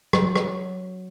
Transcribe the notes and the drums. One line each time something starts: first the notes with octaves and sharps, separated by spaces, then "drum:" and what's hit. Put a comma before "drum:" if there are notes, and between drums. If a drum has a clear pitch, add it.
F#3, drum: rim click
drum: rim click